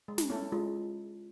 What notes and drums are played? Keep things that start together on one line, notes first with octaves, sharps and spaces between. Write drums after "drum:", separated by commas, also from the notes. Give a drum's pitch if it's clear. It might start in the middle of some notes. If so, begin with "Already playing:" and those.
G#3
drum: snare
C#4 E4 A4
G#3 F4